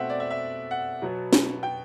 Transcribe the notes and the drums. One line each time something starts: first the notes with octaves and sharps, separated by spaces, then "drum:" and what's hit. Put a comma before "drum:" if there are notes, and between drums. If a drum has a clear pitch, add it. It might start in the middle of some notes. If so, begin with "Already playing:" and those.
Already playing: B2 A3 C4 E5 F#5
D5
E5
E5
F#5
B2 F#3 B3
drum: snare
G5